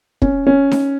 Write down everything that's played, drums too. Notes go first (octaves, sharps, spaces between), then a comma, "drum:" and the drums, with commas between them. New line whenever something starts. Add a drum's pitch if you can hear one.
C#4, drum: kick
C#4
drum: snare D#4